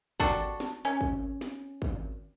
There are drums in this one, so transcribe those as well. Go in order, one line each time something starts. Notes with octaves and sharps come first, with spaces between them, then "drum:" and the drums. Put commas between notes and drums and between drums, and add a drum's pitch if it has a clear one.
D4 F#4 G4 A4, drum: kick
drum: snare
C#4
drum: kick
drum: snare
drum: kick